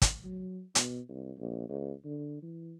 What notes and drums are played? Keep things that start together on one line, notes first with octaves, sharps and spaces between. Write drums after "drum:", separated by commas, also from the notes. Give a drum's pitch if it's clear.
drum: kick, hi-hat
F#3
B2, drum: hi-hat
C2
A#1
C#2
D3
E3